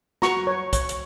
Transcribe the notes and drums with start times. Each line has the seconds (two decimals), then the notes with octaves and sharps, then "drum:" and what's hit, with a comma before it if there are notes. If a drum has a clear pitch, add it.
0.22 F#4 A#5 C#6, drum: snare
0.47 C#5
0.73 C#5, drum: kick, hi-hat
0.89 drum: hi-hat